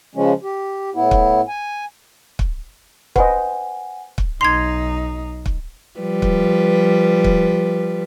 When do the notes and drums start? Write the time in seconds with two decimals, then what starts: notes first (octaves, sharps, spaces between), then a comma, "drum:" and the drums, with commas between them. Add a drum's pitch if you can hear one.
0.15 C#3 F3 G#3 C#4
0.43 G4
0.95 A2 B3 E4
1.11 drum: kick
1.48 G#5
2.39 drum: kick
3.16 B4 C5 D#5 F#5 G#5, drum: kick
4.18 drum: kick
4.41 B1 D#4 C6 G#6 C7 F7
5.46 drum: kick
6.00 F3 G3 B4
6.22 drum: kick
7.24 drum: kick